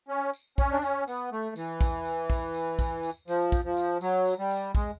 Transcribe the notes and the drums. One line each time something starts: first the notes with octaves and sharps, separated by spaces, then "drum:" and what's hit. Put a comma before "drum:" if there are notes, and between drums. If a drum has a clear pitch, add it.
C#4
drum: tambourine
C#4, drum: kick, tambourine
D4
C#4, drum: tambourine
B3, drum: tambourine
A3
E3, drum: tambourine
drum: kick, tambourine
drum: tambourine
drum: kick, tambourine
drum: tambourine
drum: kick, tambourine
drum: tambourine
F3, drum: tambourine
drum: kick, tambourine
F3
drum: tambourine
F#3, drum: tambourine
drum: tambourine
G3
drum: tambourine
G#3, drum: kick, tambourine